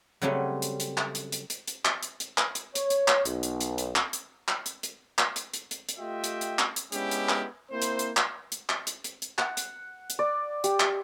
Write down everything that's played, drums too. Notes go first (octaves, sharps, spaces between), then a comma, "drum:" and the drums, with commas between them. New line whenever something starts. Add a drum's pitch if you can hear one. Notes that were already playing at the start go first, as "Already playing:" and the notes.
C#3 F#3 G3 A3 C4 C#4
drum: hi-hat
drum: hi-hat
drum: clap
drum: hi-hat
drum: hi-hat
drum: hi-hat
drum: hi-hat
drum: clap
drum: hi-hat
drum: hi-hat
drum: clap
drum: hi-hat
C#5, drum: hi-hat
drum: hi-hat
drum: clap
B1, drum: hi-hat
drum: hi-hat
drum: hi-hat
drum: hi-hat
drum: clap
drum: hi-hat
drum: clap
drum: hi-hat
drum: hi-hat
drum: clap
drum: hi-hat
drum: hi-hat
drum: hi-hat
drum: hi-hat
A3 F4 G4 D#5 E5 G5
drum: hi-hat
drum: hi-hat
drum: clap
drum: hi-hat
G#3 B3 C#4 D4 E4 G4, drum: hi-hat
drum: hi-hat
drum: clap
A#3 C4 E4 C5
drum: hi-hat
drum: hi-hat
drum: clap
drum: hi-hat
drum: clap
drum: hi-hat
drum: hi-hat
drum: hi-hat
F#5, drum: clap
drum: hi-hat
drum: hi-hat
D5
G4, drum: hi-hat
drum: clap